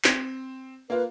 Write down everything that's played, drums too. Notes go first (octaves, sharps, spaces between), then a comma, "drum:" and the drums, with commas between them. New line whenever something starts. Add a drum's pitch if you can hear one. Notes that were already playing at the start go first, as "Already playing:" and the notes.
C4, drum: clap
A#3 F4 B4